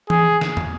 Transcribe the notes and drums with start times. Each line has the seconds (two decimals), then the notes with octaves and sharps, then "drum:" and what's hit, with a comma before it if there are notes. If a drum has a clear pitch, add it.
0.10 G#4, drum: tom E3
0.41 drum: snare
0.57 drum: tom